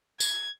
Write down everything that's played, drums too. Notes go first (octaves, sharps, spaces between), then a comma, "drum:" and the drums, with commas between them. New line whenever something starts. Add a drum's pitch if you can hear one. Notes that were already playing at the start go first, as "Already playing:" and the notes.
G#6, drum: tambourine